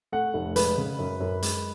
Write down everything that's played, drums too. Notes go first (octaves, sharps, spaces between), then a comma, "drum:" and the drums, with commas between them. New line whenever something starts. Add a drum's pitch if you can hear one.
A3 F#5
F1
G#3 B4, drum: hi-hat
C#3
F#2
F#2
G#3, drum: hi-hat